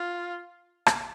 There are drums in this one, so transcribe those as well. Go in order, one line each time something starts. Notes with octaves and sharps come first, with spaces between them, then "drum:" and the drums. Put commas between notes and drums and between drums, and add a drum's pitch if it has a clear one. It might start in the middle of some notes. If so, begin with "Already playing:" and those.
Already playing: F4
drum: rim click